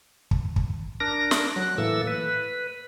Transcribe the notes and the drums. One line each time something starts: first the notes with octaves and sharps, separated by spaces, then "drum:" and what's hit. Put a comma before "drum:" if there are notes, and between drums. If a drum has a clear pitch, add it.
drum: kick
drum: kick
D4 A#4 A#6
drum: snare
F#3 F#6
A2 E3 A#3 A4 E6
B4